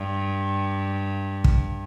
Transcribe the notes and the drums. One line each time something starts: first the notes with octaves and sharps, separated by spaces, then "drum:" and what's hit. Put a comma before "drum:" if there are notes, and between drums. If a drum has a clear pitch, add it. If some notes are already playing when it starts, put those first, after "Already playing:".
Already playing: G2
drum: kick